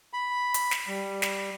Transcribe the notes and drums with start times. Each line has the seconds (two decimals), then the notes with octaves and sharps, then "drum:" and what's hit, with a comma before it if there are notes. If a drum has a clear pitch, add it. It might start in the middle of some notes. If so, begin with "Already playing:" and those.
0.13 B5
0.54 drum: hi-hat
0.71 drum: snare
0.88 G3
1.22 drum: snare